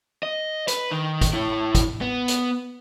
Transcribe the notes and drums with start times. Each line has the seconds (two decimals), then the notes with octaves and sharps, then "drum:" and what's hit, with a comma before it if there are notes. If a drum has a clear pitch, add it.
0.23 D#5
0.68 B4, drum: hi-hat
0.91 D#3
1.21 drum: kick, hi-hat
1.33 E4 C#5
1.75 drum: kick, hi-hat
2.01 B3
2.28 drum: hi-hat